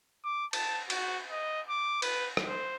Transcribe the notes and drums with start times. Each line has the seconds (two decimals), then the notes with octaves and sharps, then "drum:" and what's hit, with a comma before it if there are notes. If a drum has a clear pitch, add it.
0.24 D6
0.53 A5, drum: cymbal
0.90 F#4, drum: cymbal
1.30 D#5
1.69 D6
2.02 B4, drum: cymbal
2.37 drum: rim click
2.47 C5